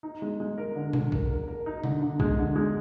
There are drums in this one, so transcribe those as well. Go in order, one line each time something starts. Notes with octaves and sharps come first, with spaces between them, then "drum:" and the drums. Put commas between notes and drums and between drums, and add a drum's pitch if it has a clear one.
D#4
G#3
G#3
A#4
D3
D3, drum: tom B2
A#4, drum: kick B1
A#4
A#4
D#4
D3, drum: tom C3
D3
G#3, drum: kick B1
D3
G#3